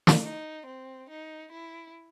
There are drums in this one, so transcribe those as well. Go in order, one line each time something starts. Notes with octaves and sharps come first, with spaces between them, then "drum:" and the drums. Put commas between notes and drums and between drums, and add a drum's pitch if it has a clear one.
drum: snare
D#4
C4
D#4
E4